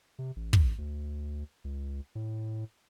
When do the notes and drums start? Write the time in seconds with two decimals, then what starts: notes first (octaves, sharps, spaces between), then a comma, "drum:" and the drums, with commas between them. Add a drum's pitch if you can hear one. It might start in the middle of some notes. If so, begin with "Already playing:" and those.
0.19 C3
0.36 A1
0.53 drum: kick
0.78 D2
1.64 C#2
2.15 A2